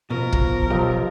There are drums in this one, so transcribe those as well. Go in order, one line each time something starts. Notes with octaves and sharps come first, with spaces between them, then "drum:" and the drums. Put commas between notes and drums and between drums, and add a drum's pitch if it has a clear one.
B2 F3 A#4
drum: kick
B1 F3 G4